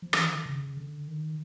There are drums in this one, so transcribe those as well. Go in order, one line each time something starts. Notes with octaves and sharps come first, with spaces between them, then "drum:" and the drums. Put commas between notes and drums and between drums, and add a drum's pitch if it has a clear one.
F3
E3, drum: rim click
D#3
D3
C#3
D3
D#3